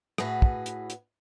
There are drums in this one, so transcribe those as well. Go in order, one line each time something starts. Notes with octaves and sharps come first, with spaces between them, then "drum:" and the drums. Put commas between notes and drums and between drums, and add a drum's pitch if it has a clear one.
A2 F#4 G#4 B4, drum: rim click
drum: kick
drum: hi-hat
drum: hi-hat